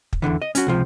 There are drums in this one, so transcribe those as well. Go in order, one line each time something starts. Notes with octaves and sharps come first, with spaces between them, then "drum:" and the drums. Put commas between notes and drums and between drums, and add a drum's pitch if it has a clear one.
drum: kick
E2 B2 D3 E3
D#5
C#4 F#4, drum: hi-hat
C#2 C3 F3